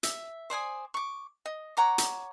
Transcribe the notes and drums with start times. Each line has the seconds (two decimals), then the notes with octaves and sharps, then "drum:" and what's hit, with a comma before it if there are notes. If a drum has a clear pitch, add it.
0.03 E5, drum: hi-hat
0.50 C5 D5 G#5 D#6
0.94 C#6 D6
1.46 D#5
1.77 C#5 F#5 A#5 D6
1.98 drum: hi-hat